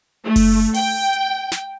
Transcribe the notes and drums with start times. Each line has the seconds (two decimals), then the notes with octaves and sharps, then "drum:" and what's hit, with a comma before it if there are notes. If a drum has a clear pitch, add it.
0.24 A3
0.36 drum: kick F#1, open hi-hat
0.74 G5, drum: open hi-hat
1.13 drum: hi-hat
1.52 drum: snare